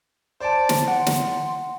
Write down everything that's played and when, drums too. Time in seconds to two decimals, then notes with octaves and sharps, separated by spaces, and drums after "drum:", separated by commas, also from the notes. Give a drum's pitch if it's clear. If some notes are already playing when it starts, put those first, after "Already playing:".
0.40 C5 D5 A5
0.69 drum: snare
0.88 F#5 C6
1.06 drum: snare